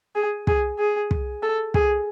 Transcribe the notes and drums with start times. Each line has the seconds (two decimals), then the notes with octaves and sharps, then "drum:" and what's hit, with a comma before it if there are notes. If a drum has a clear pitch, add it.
0.15 G#4
0.47 G#4, drum: kick
0.79 G#4
1.11 drum: kick
1.43 A4
1.74 G#4, drum: kick